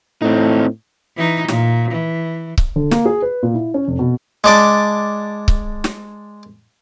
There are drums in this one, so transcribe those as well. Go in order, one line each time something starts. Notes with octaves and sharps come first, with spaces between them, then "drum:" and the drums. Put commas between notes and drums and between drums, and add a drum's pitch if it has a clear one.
A2 C4 D#4
E3 D#4
A#2, drum: snare
E3
drum: kick C#1
D3
A#3, drum: snare
G#4
B4
A#2
E4
C#4
F1
B2
G#3 D4 D5
drum: kick C#1
drum: snare